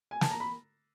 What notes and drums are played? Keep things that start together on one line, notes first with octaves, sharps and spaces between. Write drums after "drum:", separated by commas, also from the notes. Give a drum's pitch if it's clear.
G#5
A5, drum: snare
A#5
B5